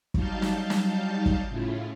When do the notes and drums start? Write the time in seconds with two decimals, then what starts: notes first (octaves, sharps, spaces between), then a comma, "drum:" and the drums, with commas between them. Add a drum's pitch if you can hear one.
0.14 F#3 G3 D#4 F5 A5 G6, drum: kick
0.42 drum: snare
0.70 drum: snare
1.26 drum: kick
1.48 A2 C#3 E4 F4